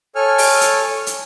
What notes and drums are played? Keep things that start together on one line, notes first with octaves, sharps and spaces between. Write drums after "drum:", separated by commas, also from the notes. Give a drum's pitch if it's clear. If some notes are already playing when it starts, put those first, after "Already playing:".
A4 C#5 G#5 C#6 F6
drum: open hi-hat
drum: hi-hat
drum: hi-hat